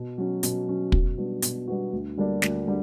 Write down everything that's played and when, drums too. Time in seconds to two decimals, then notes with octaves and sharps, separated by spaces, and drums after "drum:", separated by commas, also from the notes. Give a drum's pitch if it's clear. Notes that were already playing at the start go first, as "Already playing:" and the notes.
Already playing: B2
0.18 F#3 C#4
0.43 B2, drum: hi-hat
0.68 F#3 C#4
0.92 B2, drum: kick
1.18 G3 B3 D4 F#4
1.42 B2, drum: hi-hat
1.68 G3 B3 D4 F#4
1.93 D2
2.17 D3 G3 A#3 D4
2.42 D2, drum: snare
2.68 D3 G3